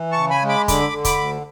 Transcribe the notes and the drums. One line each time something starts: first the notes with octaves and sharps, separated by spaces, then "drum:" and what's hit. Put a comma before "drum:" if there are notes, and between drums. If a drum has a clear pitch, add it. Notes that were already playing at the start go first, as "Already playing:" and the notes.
Already playing: E3
A5 C#6
C#3
G#5 B5
G#3
B5 D6
D3 B5 D6, drum: kick, hi-hat
D3
B5 D6, drum: kick, hi-hat
D2